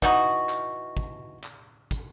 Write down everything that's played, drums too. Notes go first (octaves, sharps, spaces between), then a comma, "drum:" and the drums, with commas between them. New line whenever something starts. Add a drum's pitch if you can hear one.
E3 D#4 F#4, drum: kick
drum: clap
drum: kick
drum: clap
drum: kick, hi-hat